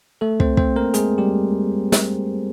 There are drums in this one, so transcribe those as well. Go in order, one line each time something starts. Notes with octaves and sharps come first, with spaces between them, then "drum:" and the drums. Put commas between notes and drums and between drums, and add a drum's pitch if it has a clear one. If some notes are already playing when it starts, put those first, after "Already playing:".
A3 A4
C4 C5, drum: kick
C4 C5, drum: kick
A#3 A#4
G#3 G#4, drum: hi-hat
G3 G4
drum: snare